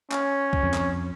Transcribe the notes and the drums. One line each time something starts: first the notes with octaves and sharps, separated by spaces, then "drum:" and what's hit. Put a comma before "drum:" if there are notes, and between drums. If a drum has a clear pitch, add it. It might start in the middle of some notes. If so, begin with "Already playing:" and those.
C#4, drum: clap
drum: kick C2
F2
drum: clap